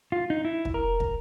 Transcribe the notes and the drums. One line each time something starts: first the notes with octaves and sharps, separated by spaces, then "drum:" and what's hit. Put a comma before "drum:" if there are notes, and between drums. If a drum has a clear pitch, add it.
F4
D#4
E4
drum: kick
A#4
drum: kick